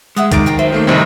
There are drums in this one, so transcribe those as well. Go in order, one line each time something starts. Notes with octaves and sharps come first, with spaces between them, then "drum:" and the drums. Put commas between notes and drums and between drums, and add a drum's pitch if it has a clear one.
G#3 E5 F#5 D#6
D#3 A#5 D6 A6 D7, drum: kick, hi-hat
C5 G5 A#5
F#3 C5 E5
D#3 A3 A#3
F2 A2 C3 D#3 G3